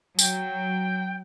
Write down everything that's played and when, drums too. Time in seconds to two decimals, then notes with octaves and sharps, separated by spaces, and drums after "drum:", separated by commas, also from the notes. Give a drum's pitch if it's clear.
0.19 F#3 G5, drum: tambourine